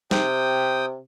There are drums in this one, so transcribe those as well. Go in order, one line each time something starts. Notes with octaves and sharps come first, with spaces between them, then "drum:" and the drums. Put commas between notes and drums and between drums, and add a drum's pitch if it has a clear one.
C3 G5 D#6, drum: snare